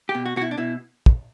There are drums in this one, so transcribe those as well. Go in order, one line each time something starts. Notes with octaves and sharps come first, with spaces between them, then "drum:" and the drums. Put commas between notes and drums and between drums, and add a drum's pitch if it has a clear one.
G4
B2
F#4
B2 F#4
E4
D4
B2 E4
drum: kick